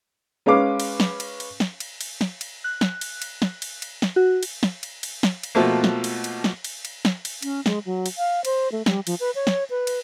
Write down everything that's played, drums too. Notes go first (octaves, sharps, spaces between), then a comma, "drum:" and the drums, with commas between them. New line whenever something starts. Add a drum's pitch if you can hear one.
G#3 C#4 B4 F5 D6
drum: cymbal
drum: snare
drum: cymbal
drum: cymbal
drum: snare
drum: cymbal
drum: cymbal
drum: snare
drum: cymbal
F#6
drum: snare
drum: cymbal
drum: cymbal
drum: snare
drum: cymbal
drum: cymbal
drum: snare
F#4
drum: cymbal
drum: snare
drum: cymbal
drum: cymbal
drum: snare
drum: cymbal
B2 F3 A3 A#3
drum: snare
drum: cymbal
drum: cymbal
drum: snare
drum: cymbal
drum: cymbal
drum: snare
drum: cymbal
C#4, drum: cymbal
G#3, drum: snare
F#3
drum: cymbal
F5
C5, drum: cymbal
A3
G3, drum: snare
F3, drum: cymbal
B4
C#5
drum: snare
B4
drum: cymbal